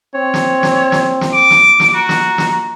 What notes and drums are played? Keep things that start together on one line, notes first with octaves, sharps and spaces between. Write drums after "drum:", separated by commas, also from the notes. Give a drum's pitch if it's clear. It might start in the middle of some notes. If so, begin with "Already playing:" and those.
C4 C#5
drum: snare
drum: snare
drum: snare
drum: snare
D6
drum: snare
drum: snare
F#4 A#5
drum: snare
drum: snare